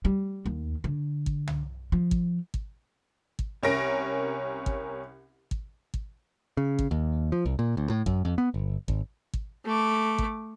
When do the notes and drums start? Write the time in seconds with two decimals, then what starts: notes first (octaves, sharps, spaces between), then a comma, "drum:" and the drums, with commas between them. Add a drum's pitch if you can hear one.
0.05 G3
0.46 D#2
0.84 D3
1.26 drum: kick
1.48 drum: tom
1.92 F3
2.11 drum: kick
2.54 drum: kick
3.39 drum: kick
3.63 C2 C#4 A#4 A#6 D7
4.66 drum: kick
5.51 drum: kick
5.94 drum: kick
6.57 C#3
6.79 drum: kick
6.91 D#2
7.32 F3
7.46 C2
7.59 A#2
7.77 D2
7.90 A2
8.06 F#2, drum: kick
8.25 F2
8.38 B3
8.54 G1
8.88 G#1, drum: kick
9.34 drum: kick
9.65 A3 D6
10.18 drum: kick